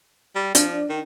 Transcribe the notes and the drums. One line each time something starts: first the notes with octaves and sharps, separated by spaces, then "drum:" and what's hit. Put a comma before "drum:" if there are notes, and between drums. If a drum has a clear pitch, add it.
G3
F3 D4, drum: hi-hat
D#3